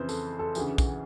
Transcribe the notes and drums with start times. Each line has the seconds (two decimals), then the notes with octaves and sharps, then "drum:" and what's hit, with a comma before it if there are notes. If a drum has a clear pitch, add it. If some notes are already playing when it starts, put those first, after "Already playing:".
Already playing: F2 C#3 E3 B4 C5
0.09 A4, drum: tambourine
0.39 A4
0.55 D2 C#3 E3 G#4, drum: tambourine
0.78 drum: kick A#1, tambourine